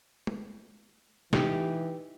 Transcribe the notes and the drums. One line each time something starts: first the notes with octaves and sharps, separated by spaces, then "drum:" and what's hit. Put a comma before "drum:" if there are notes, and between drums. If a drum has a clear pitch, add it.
drum: tom G#3
E3 D#4 G4, drum: snare